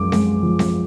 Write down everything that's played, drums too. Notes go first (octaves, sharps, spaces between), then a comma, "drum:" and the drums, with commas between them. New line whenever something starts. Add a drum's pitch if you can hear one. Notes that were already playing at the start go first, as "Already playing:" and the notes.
Already playing: F#2 F3 G#3 D6
G#3, drum: snare C4
F3
drum: snare C4